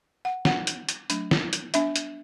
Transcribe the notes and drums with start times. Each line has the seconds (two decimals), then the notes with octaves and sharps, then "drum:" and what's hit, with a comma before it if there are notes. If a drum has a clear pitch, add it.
0.25 F#5
0.45 G3 D4 F#5, drum: snare
0.67 drum: hi-hat
0.89 drum: hi-hat
1.10 F#3 A3 D4, drum: hi-hat
1.31 drum: snare
1.53 drum: hi-hat
1.74 G3 B3 D4 E5, drum: hi-hat
1.96 drum: hi-hat